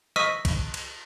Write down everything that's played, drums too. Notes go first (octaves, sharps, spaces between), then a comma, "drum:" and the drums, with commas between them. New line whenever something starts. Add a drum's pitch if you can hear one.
D#5 C#6 D#6 E6 B6 D#7, drum: rim click
drum: kick, cymbal
drum: cymbal